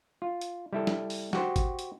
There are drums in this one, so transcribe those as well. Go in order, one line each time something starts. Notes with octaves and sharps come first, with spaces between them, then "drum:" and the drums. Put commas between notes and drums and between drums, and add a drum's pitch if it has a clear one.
F4
drum: hi-hat
G3 E4 A4
drum: snare
drum: open hi-hat
F#4 G4 C5, drum: snare
drum: kick G#1, hi-hat
drum: hi-hat